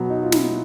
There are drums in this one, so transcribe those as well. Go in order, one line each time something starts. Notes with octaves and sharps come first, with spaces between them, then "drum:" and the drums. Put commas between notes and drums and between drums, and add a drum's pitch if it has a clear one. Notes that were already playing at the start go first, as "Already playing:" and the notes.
Already playing: B2 F#3 B3
D#4
F4
E4, drum: snare